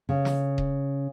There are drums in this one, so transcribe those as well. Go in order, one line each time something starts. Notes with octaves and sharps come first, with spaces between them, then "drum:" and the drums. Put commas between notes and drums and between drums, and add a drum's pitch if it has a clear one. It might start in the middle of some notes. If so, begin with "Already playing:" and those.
C#3
drum: snare
drum: kick D#1